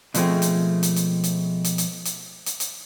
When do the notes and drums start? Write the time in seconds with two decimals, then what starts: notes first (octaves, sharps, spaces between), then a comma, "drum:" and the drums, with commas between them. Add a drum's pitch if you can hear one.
0.14 B2 F3 G#3 A3 C4, drum: hi-hat
0.42 drum: hi-hat
0.83 drum: hi-hat
0.96 drum: hi-hat
1.24 drum: hi-hat
1.64 drum: hi-hat
1.78 drum: hi-hat
2.05 drum: hi-hat
2.46 drum: hi-hat
2.60 drum: hi-hat